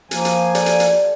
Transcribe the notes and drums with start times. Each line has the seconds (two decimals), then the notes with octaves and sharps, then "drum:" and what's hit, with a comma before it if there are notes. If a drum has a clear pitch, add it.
0.11 F3 A#3 G#5, drum: hi-hat
0.25 drum: hi-hat
0.55 G4 A4 D5, drum: hi-hat
0.66 drum: hi-hat
0.80 drum: hi-hat